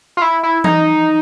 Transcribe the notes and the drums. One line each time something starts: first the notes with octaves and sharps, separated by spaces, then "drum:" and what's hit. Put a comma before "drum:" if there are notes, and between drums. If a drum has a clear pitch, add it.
F4
E4
E4
D#4, drum: tom E3